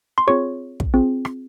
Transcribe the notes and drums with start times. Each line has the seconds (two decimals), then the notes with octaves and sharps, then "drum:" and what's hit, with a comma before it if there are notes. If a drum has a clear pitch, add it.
0.18 C6
0.27 C4 F4 G#4 C#5 C#6
0.80 drum: kick
0.94 C4 F4 G#4
1.25 drum: rim click